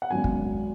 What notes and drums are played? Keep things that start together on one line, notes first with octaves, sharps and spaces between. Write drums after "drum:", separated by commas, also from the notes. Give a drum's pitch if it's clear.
F#5
G#1 F#2 F#3 B3 G#5
drum: kick